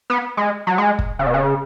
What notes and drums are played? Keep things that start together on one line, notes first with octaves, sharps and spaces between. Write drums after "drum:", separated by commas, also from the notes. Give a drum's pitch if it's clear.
B3
G#3
F#3
G#3
drum: kick
C#3
B2
C#3